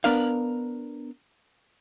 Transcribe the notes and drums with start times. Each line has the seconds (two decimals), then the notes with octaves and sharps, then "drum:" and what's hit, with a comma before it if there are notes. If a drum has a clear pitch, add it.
0.04 B3 D4 A#4 F5, drum: open hi-hat